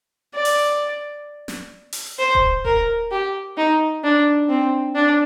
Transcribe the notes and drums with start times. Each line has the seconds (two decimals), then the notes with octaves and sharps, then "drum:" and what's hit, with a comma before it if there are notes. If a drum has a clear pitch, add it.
0.34 D5
0.45 drum: open hi-hat
1.48 drum: snare
1.92 drum: open hi-hat
2.19 C5
2.35 drum: kick D#1
2.65 A#4, drum: kick D#1
3.11 G4
3.57 D#4
4.04 D4
4.49 C4
4.95 D4